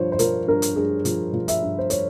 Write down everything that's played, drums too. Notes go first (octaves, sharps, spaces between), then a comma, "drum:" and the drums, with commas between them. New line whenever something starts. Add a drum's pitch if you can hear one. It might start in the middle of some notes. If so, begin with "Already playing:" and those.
Already playing: G2 F3 C5 C#5
C5
F3 A#4, drum: hi-hat
G2 A#4
drum: hi-hat
G2 G#4
F3, drum: hi-hat
F3
E5, drum: hi-hat
G2
C5
C#5, drum: hi-hat